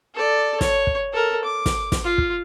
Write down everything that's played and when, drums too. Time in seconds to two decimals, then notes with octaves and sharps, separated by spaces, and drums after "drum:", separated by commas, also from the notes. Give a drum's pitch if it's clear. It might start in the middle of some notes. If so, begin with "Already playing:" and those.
0.14 A4 D5
0.61 C#5, drum: snare
0.87 drum: kick
1.13 A4 A#4
1.45 D6
1.66 drum: snare
1.92 drum: snare
2.05 F4
2.18 drum: kick